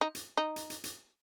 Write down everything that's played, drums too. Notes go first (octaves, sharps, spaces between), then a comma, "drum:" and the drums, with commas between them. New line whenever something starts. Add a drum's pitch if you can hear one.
D#4
drum: hi-hat
D#4
drum: hi-hat
drum: hi-hat
drum: hi-hat